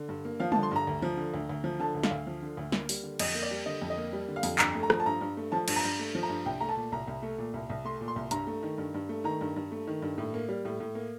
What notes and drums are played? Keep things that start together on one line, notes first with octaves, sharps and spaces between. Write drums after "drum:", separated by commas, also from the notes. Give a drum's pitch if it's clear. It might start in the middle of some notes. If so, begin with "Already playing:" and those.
Already playing: D3
G2
A#3
F3 F5
D3 A5, drum: tom G3
C6
G2 A#5
D2
F3
D3
D2
D2
F3
D3 A5
D2
F5, drum: snare
D2
F3
D3
D2
A#3, drum: snare
G3, drum: open hi-hat
D3
F2 D#5, drum: cymbal
A#3
D5
G3
D3 D#5
F2
D#5
A#3
G3
D3
F5
F2, drum: open hi-hat
G2 A#5, drum: clap
A3
A#5
F3, drum: rim click
A5
G2 A#5
G2
A3
F3 A5
G2, drum: cymbal
A#5
G2
A3
F3
A#5
G2
C2 G5
A3 A#5
A5
A#2
C2 A#5
C2
A3
A#2
C2
C2
A3 C6
A#2
C6
C2
G2 A#5, drum: hi-hat
A3
D#3
G2
G2
A3
D#3 A#5
G2
G2
A3
D#3
G2
A2
A#3
G3
A2
A2
A#3